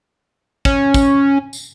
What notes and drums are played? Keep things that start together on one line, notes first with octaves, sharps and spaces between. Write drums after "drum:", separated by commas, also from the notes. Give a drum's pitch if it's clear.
C#4, drum: kick
drum: kick, tambourine
drum: tambourine